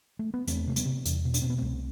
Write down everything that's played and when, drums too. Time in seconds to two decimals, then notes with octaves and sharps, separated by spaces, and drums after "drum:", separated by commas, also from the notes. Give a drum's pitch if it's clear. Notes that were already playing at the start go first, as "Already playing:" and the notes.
0.19 A3
0.34 B3
0.47 E2 A3 C4, drum: hi-hat
0.67 C3 A3
0.76 G3 B3, drum: hi-hat
0.86 C3
1.05 E2, drum: hi-hat
1.25 B2
1.34 D4, drum: hi-hat
1.42 B2 C4
1.50 B3
1.58 C2 A3 C4